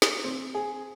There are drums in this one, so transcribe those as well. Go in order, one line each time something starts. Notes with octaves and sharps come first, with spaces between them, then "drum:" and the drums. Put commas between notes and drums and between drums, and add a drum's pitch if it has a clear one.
drum: snare
C4
G#4